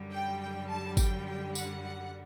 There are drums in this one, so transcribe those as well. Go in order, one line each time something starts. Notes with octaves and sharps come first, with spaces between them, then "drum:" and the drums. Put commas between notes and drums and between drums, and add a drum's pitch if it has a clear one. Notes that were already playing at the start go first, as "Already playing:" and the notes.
Already playing: F#2 D3 G3
G5
G5
A5
G5, drum: kick G#1, tambourine
G5
F#5, drum: tambourine
F#5